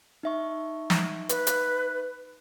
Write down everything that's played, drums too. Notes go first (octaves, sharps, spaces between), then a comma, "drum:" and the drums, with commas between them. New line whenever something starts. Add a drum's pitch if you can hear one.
D#4 E5 C#6
drum: snare
B4, drum: hi-hat
drum: hi-hat